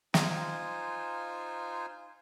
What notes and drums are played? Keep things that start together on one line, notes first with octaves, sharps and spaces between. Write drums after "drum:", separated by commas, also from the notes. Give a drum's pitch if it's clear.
D#4 F4 C5 G#5, drum: snare